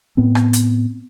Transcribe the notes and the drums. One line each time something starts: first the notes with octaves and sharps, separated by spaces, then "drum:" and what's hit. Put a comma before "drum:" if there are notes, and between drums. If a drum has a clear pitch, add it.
A2 B3 C4
drum: rim click
drum: hi-hat